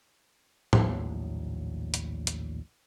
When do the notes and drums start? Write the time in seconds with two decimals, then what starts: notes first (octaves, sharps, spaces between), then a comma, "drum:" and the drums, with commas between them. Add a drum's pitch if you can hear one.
0.73 A#1 D#2 A2 F#3, drum: tom
1.94 drum: hi-hat
2.27 drum: hi-hat